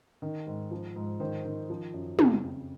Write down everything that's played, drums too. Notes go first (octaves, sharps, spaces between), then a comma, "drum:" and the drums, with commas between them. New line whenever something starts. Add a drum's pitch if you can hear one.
D#3
G#2
F3
G#2
D#3 C5
D#3
F3
F#2
C#3, drum: tom
F2